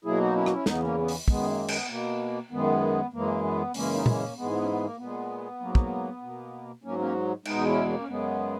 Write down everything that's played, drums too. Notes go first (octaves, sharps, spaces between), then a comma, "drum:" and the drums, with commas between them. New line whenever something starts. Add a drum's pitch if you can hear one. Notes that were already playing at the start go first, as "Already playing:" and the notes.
B2 F#3 A#3 E4 G#4
D#4 F#4
C#4 E4
F#4, drum: rim click
C#4 E4
E2 C#3 E3 B3 D#4, drum: snare
A#3 C#4
B3
drum: open hi-hat
F#2 D#3 G#3 B3, drum: kick
A#3
B3, drum: cymbal
B2 A#3
F#2 D#3 G#3 B3
F#2 E3 G#3 A#3
B3
F#2 C#3 E3 G#3 A#3 C#4, drum: open hi-hat
D#4
A#3 C#4, drum: tom A#2
G#2 E3 G#3 B3
B3
C#4
B3
A#3
A#2 G#3 B3
G#2 F#3 A#3
drum: kick
B2 A#3
G#2 F#3 A#3 C#4
A#3 C#4
E2 B2 G#3 B3 D#4, drum: cymbal
C#4 E4
A#3 C#4
C#4
F#2 C#3 G#3 B3